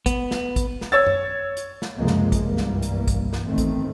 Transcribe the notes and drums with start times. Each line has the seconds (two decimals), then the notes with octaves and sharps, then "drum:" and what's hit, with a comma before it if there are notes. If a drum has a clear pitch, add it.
0.06 B3, drum: kick, hi-hat
0.31 drum: snare
0.56 drum: kick, hi-hat
0.81 drum: snare
0.92 C#5 E6 A6
1.06 drum: tom F#2
1.57 drum: hi-hat
1.82 drum: snare
1.96 C#2 F#2 C3 F3 G#3 A#3
2.07 drum: snare
2.32 drum: kick, hi-hat
2.43 C2 G2 E3 G3 A#3
2.57 drum: snare
2.82 drum: hi-hat
3.08 drum: kick, hi-hat
3.33 drum: snare
3.45 A1 E2 A2 D#3 A3 C4
3.58 drum: kick, hi-hat